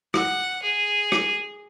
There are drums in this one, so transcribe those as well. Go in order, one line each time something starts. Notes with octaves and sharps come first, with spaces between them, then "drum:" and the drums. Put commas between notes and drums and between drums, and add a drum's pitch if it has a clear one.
F#5, drum: rim click
G#4
drum: rim click